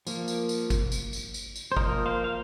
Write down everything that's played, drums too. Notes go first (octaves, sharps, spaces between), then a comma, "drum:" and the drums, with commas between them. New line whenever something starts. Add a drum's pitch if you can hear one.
F3 A#3, drum: tambourine
drum: tambourine
drum: tambourine
drum: kick G#1, tambourine
drum: tambourine
drum: tambourine
drum: tambourine
drum: tambourine
C5
F3 A#3 A#4 D#5, drum: kick G#1
C5 F5
F5